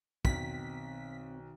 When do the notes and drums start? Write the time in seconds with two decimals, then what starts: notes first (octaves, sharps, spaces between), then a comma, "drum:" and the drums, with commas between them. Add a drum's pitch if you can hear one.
0.25 B1 D#3 C4 B6, drum: kick